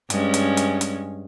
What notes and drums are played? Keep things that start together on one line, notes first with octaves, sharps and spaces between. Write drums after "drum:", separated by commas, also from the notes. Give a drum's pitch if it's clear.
G2 G#3 C#4, drum: hi-hat
drum: hi-hat
drum: hi-hat
drum: hi-hat